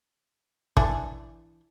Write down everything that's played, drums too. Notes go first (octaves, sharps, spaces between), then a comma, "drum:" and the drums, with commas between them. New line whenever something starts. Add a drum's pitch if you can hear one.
E3 D4, drum: kick